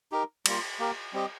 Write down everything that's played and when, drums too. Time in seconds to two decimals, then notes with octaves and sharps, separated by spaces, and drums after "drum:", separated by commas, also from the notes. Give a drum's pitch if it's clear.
0.12 D#4 G4 A#4
0.46 G3 A#3 F4, drum: cymbal
0.79 A#3 G4 A#4
1.13 G3 C4 G4 D#5